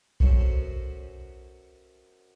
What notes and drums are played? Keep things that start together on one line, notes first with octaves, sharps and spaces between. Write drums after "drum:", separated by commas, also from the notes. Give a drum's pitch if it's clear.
F#2 F#3 C#4 F#4 A4 C5, drum: kick B1